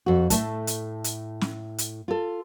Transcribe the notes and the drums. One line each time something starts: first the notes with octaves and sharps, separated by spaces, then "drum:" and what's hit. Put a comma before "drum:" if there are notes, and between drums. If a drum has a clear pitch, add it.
F2 F#4
A2 A3 A5, drum: kick, hi-hat
drum: hi-hat
drum: hi-hat
drum: snare
drum: hi-hat
F4 A4